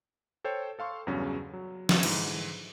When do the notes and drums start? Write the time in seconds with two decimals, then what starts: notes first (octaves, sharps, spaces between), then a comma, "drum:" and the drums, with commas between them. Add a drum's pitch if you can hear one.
0.44 A4 C5 C#5 G5
0.79 A4 F5 C6 C#6
1.07 E2 G2 C#3 F#3 C#4
1.53 F#3
1.89 drum: snare
2.03 G#2 D3 E3, drum: cymbal